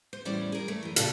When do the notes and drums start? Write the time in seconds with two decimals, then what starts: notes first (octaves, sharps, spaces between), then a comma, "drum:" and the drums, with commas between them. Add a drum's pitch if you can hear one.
0.13 C5
0.25 E2 A2 G3 C#4 C5 D5
0.52 G#4 A#4
0.68 A3
0.83 F#2 E3
0.96 A#2 C#3 F4 A4, drum: hi-hat